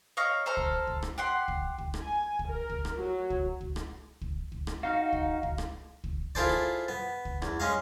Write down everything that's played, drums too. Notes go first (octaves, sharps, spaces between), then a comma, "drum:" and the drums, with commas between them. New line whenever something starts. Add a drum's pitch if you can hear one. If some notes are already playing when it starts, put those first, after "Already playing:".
C#5 D#5 F5 A#5
A4 C5 F5 A#5
drum: kick
drum: kick
drum: rim click
G4 F#5 C6
drum: kick
drum: kick
drum: rim click
G#5
drum: kick
A#4
drum: kick
drum: rim click
F#3
drum: kick
drum: kick
drum: rim click
drum: kick
drum: kick
drum: rim click
D#4 F#4 F5
drum: kick
drum: kick
drum: rim click
drum: kick
E4 F4 G#4 A4 C5 D5, drum: kick
drum: rim click
B3
drum: kick
E2, drum: rim click
G#3 C#4 D#5 F5